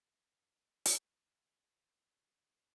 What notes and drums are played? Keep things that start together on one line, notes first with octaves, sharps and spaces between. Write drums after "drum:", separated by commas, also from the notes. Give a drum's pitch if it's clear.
G4 G#4 A5
drum: hi-hat